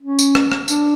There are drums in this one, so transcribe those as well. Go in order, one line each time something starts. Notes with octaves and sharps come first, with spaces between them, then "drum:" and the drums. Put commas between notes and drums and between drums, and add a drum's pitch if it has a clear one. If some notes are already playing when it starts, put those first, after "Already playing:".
C#4
drum: tambourine
drum: rim click
drum: rim click
D4, drum: tambourine